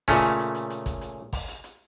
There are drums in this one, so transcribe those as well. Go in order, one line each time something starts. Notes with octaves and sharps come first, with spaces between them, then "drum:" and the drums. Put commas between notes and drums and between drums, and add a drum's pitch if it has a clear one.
A#2 C#3 A3 C#4, drum: kick G#1, open hi-hat
drum: hi-hat
drum: hi-hat
drum: hi-hat
drum: hi-hat
drum: kick G#1, hi-hat
drum: hi-hat
drum: kick G#1, open hi-hat
drum: hi-hat
drum: hi-hat